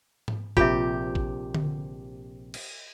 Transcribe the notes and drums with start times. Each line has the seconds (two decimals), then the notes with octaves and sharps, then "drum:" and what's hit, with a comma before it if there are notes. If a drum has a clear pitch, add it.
0.28 drum: tom G#2
0.57 A#1 C3 F4 G4 E5, drum: kick
1.15 drum: kick
1.55 drum: tom D3
2.54 drum: cymbal